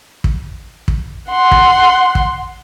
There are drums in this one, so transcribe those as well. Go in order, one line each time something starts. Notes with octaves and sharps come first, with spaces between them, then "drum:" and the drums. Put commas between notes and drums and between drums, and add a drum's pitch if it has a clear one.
drum: kick
drum: kick
F#5 C6
drum: kick
drum: kick